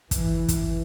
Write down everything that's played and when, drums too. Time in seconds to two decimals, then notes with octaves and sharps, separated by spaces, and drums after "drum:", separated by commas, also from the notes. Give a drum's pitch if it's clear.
0.11 E3, drum: kick, hi-hat
0.48 drum: kick, hi-hat